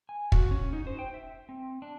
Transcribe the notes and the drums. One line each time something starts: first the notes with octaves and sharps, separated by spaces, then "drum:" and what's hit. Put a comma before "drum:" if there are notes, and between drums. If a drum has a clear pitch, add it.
G#5
F#4, drum: kick
C#4
D#4
C5
G5
E5
C4
D4